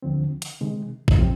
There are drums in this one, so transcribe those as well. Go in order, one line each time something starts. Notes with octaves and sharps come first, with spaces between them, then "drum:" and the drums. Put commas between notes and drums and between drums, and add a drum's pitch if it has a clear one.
D2 D3 F3 C4
drum: hi-hat
C3 D#3 G#3
drum: kick
C3 F3 C4